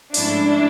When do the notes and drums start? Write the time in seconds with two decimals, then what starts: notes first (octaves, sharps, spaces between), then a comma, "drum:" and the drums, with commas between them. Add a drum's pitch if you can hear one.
0.14 G#2 F3 A3 C#4 D4 E4, drum: open hi-hat